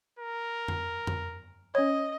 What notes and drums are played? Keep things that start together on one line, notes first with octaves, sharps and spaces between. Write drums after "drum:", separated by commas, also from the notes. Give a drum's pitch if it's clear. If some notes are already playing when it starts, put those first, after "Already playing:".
A#4
drum: tom F2
drum: tom F2
C#4 C#5 D#5